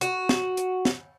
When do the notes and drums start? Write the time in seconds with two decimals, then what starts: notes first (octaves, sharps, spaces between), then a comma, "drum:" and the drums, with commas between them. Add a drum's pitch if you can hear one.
0.01 F#4, drum: hi-hat
0.29 drum: snare
0.57 drum: hi-hat
0.85 drum: snare